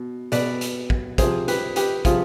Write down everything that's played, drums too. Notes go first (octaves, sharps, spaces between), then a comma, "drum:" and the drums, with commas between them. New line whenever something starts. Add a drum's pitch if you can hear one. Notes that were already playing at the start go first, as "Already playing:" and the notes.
Already playing: B2
B2 B4 D5, drum: hi-hat
drum: hi-hat
drum: kick
C3 F3 G#4 C5, drum: kick, hi-hat
G4 B4, drum: hi-hat
G4 B4, drum: hi-hat
C3 F3 F4 G#4, drum: kick, hi-hat